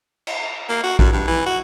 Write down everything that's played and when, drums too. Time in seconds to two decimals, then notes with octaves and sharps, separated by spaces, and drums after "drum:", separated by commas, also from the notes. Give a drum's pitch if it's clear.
0.27 drum: cymbal
0.69 A#3
0.84 F#4
0.99 F#2, drum: kick A#1
1.13 G2
1.27 E3
1.46 F#4